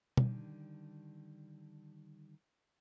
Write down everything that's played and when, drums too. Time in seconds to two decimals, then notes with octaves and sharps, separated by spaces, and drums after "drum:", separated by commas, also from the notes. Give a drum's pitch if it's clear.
0.17 D3 D#3 G3, drum: tom